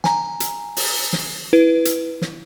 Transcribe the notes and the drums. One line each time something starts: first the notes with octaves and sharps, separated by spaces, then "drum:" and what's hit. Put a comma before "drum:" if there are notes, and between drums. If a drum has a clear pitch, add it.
G#5 A#5, drum: snare
drum: hi-hat
drum: open hi-hat
drum: snare
E4 B4
drum: hi-hat
drum: snare